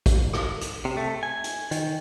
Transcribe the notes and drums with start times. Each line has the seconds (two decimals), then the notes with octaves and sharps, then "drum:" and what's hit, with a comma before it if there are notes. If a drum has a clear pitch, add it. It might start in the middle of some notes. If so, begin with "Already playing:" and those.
0.06 drum: kick, hi-hat
0.33 drum: rim click
0.61 drum: hi-hat
0.85 C3
0.97 A3
1.23 G#5
1.44 drum: hi-hat
1.71 D#3, drum: hi-hat